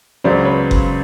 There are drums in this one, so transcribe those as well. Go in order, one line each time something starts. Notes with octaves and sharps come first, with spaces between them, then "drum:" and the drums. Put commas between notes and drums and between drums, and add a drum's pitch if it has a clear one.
C#2 C#3 F#3 C5 D5
B4 C#5
drum: kick F#1